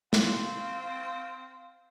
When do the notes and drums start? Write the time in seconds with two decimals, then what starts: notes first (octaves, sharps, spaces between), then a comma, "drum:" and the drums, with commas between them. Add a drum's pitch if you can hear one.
0.13 C4 F5, drum: snare